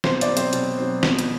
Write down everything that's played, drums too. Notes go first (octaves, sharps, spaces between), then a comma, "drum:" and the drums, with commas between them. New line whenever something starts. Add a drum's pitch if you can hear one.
B2 C5, drum: snare
D5, drum: hi-hat
F#3 C4
C5, drum: hi-hat
B2, drum: hi-hat
F#3 C4
B2, drum: snare
drum: hi-hat